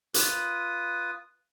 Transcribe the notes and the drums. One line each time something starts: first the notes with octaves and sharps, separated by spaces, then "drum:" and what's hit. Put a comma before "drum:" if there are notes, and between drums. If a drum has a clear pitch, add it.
F4 B4 D#6, drum: hi-hat